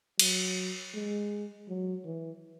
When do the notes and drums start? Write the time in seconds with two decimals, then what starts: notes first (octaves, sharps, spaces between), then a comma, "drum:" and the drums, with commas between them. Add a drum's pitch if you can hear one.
0.19 F#3, drum: cymbal
0.94 G#3
1.68 F#3
2.05 E3